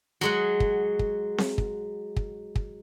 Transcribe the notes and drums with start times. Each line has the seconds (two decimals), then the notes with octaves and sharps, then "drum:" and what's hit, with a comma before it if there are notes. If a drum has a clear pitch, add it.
0.21 F#3 G#3 F#5
0.60 drum: kick
0.99 drum: kick
1.38 drum: snare C4
1.58 drum: kick
2.16 drum: kick
2.56 drum: kick